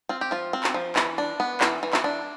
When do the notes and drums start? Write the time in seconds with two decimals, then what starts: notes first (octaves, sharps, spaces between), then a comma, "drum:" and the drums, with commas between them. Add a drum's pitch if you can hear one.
0.09 C4 F4
0.21 G4
0.31 F3 F4
0.53 C4
0.64 drum: clap
0.74 F3
0.96 E3, drum: clap
1.18 D4
1.40 B3
1.61 E3 E4, drum: clap
1.83 E3
1.93 E4, drum: clap
2.04 D4